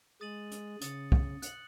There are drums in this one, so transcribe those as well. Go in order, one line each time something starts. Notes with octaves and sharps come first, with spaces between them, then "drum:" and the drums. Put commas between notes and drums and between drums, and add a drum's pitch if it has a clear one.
G#3 D#6 A6 D#7 F#7
drum: hi-hat
C#3 D#6 A6 C#7, drum: hi-hat
drum: kick
F#6 C#7 F#7, drum: hi-hat